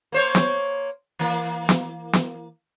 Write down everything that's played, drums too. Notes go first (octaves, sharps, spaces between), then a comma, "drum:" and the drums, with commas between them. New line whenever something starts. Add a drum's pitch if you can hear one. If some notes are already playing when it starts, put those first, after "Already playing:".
A#3 C5 C#5
drum: snare
E3 A#3
drum: snare
drum: snare